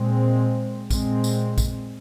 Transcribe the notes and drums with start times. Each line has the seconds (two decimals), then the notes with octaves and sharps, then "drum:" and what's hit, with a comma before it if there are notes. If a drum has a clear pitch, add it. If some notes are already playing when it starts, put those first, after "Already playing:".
Already playing: A#2 G#3 C4
0.90 A#2 G#3 C4, drum: kick A#1, tambourine
1.24 drum: tambourine
1.58 drum: kick A#1, tambourine